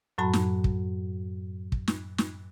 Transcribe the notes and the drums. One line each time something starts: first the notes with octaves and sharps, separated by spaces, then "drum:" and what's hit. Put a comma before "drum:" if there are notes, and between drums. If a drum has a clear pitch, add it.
F#2 A2 F#3 F#4 A5 B5
drum: snare
drum: kick
drum: kick
drum: snare
drum: snare